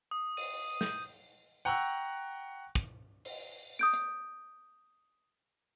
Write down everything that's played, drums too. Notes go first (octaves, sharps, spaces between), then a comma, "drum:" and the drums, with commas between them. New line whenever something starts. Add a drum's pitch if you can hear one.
D#6
D#7, drum: open hi-hat
G6, drum: snare
F#5 G5 A#5 C#6 E6 F#6
drum: kick
drum: open hi-hat
D#6 G6 D7
drum: hi-hat